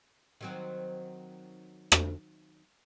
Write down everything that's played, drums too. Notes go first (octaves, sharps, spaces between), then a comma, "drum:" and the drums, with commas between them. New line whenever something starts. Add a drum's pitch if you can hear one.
D#3 F#3 C4
drum: rim click